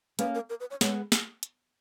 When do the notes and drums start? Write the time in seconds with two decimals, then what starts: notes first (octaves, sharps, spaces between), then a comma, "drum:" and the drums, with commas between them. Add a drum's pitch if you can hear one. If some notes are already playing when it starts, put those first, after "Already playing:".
0.19 A#3 C#4 B4, drum: hi-hat
0.35 A#4
0.50 A#4
0.60 B4
0.71 C#5
0.81 G#3 B3 C#5, drum: snare
1.12 drum: snare
1.43 drum: hi-hat